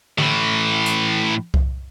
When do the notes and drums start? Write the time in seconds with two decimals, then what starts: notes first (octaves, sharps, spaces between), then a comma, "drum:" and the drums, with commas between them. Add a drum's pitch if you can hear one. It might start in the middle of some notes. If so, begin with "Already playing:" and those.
0.19 A2 E3, drum: tom D3
0.86 drum: hi-hat
1.54 drum: kick C2